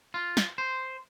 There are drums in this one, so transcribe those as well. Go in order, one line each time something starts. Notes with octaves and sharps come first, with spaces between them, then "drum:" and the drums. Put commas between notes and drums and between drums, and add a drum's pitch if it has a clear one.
F4
drum: snare
C5